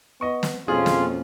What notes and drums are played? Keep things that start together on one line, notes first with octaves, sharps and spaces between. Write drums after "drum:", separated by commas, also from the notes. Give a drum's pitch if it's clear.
B3 D#5 C#6
drum: snare
F2 B2 A#3 C#4 F4 G#4
drum: snare